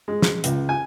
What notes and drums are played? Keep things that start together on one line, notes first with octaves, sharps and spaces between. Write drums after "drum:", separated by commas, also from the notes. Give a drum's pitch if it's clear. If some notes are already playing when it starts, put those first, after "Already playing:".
G#3
drum: snare
C#2, drum: hi-hat
G#5